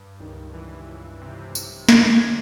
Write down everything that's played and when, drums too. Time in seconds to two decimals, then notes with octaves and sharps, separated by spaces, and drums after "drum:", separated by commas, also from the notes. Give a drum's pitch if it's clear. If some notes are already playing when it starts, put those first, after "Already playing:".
Already playing: G2
0.20 C#2 D#3
0.54 E3
0.87 C#2
1.21 C3
1.55 B1, drum: tambourine
1.89 E3, drum: snare
2.22 D3